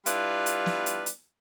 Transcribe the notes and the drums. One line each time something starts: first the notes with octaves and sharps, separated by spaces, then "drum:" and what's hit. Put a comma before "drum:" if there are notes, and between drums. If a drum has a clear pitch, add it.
G3 D4 E4 F4 B4 D5, drum: hi-hat
drum: hi-hat
drum: snare
drum: hi-hat
drum: hi-hat